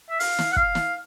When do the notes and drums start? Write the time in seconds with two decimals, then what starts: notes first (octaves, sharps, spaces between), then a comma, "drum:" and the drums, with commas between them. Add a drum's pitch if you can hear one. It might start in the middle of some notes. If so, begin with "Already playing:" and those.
0.10 E5
0.20 F5, drum: open hi-hat
0.39 drum: snare
0.52 F#5
0.56 F5, drum: kick
0.75 drum: snare